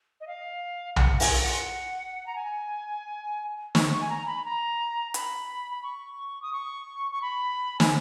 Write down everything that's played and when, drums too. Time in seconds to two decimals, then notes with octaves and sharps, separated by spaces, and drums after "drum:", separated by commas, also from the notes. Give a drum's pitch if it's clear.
0.21 D#5
0.27 F5
0.96 F#5, drum: tom B1
1.20 G#5, drum: open hi-hat
1.42 F#5
2.26 A#5
2.36 G#5
3.75 C#6, drum: snare
3.92 C#6
4.01 G#5
4.10 A#5
4.26 B5
4.45 A#5
5.14 B5, drum: hi-hat
5.73 B5
5.83 C#6
6.42 D#6
6.53 C#6
7.12 C#6
7.22 B5
7.80 G#5, drum: snare